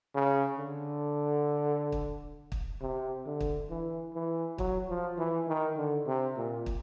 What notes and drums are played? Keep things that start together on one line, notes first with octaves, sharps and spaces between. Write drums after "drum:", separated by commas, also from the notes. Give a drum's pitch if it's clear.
C#3
D3
drum: kick
drum: kick
C3
D3
drum: kick
E3
E3
F#3, drum: kick
F3
E3
D#3
D3
C3
A#2
drum: kick